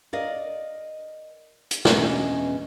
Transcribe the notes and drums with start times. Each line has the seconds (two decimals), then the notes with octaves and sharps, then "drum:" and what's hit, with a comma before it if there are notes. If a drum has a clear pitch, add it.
0.13 A#4 D5 D#5 F5
1.71 drum: hi-hat
1.85 E2 B2 C#4 D4 F#4 D#5, drum: snare